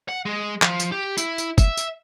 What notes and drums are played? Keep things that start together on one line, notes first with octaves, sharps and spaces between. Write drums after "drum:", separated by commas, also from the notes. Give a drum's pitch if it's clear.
F#5
G#3
F3, drum: clap
drum: tambourine
G4
E4, drum: tambourine
drum: tambourine
E5, drum: kick, tambourine
drum: tambourine